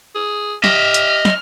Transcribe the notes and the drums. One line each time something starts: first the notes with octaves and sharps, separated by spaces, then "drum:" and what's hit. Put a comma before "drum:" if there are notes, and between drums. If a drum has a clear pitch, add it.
G#4
G4 D#5 E5 F6, drum: snare
drum: hi-hat
drum: snare